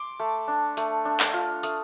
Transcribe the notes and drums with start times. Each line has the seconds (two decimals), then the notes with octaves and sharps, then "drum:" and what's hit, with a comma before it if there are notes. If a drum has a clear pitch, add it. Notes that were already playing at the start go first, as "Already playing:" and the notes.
Already playing: C6 D6
0.20 A3
0.48 D4
0.77 A3, drum: hi-hat
1.05 D4
1.20 drum: clap
1.34 F4
1.63 A3 D#6, drum: hi-hat